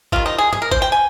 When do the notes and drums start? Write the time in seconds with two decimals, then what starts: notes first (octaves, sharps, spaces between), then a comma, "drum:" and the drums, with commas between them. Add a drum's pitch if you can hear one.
0.12 D#3 G3 C4 F4, drum: kick G#1
0.26 D#4
0.38 G#4
0.53 G#4, drum: tom G2
0.62 A#4
0.71 C5, drum: kick G#1
0.82 G5
0.92 G#5